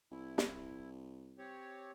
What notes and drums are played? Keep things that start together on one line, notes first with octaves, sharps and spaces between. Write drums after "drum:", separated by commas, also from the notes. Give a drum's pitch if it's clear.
C2 E4
drum: snare
C4 G4 C#5